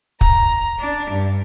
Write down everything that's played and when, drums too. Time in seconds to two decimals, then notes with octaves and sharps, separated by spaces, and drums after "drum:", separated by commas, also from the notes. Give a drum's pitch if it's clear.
0.21 A#5, drum: kick
0.79 D4
1.10 G2